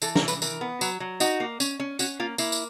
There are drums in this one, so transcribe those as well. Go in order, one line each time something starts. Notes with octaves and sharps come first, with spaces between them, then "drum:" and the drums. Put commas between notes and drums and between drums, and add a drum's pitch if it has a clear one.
E3 A4, drum: tambourine
A#4, drum: snare
E3
B4, drum: tambourine
E3 A#4, drum: tambourine
B3
F#3, drum: tambourine
F#3
D#4 F#4, drum: tambourine
A#3
C#4, drum: tambourine
C#4
C#4 F#4, drum: tambourine
A#3 F4
A#3 E4, drum: tambourine
drum: tambourine